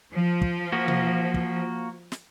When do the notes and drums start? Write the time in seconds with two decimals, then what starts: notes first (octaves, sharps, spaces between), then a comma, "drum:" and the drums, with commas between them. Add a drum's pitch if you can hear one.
0.13 F3
0.42 drum: kick
0.72 A#3 F#4
0.88 drum: tom B2
1.34 drum: kick
2.12 drum: snare